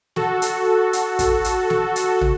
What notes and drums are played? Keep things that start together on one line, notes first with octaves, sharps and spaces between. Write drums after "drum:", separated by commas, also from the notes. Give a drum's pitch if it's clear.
F#4 A4, drum: snare
drum: hi-hat
drum: hi-hat
drum: kick, hi-hat
drum: hi-hat
drum: snare
drum: hi-hat
drum: tom